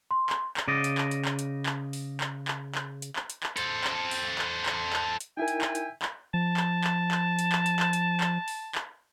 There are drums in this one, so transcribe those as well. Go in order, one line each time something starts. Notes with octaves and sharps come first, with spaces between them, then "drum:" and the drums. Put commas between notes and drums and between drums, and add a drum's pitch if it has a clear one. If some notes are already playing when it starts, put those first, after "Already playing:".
C6
drum: clap
drum: clap
C#3 D5 D#5
drum: hi-hat
drum: clap
drum: hi-hat
drum: clap
drum: hi-hat
drum: clap
drum: open hi-hat
drum: clap
drum: clap
drum: clap
drum: hi-hat
drum: clap
drum: hi-hat
drum: clap
A4 C5, drum: hi-hat
drum: clap
drum: open hi-hat
drum: clap
drum: clap
drum: clap
drum: hi-hat
D#4 E4 A#4 E5 G5 G#5
drum: hi-hat
drum: clap
drum: hi-hat
drum: clap
F3 A5
drum: clap
drum: clap
drum: clap
drum: hi-hat
drum: clap
drum: hi-hat
drum: clap
drum: hi-hat
drum: clap
drum: open hi-hat
drum: clap